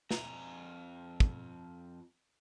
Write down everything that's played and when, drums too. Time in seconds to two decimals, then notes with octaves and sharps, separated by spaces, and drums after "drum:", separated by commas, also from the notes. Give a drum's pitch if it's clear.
0.11 F2 A#5, drum: snare
1.20 drum: kick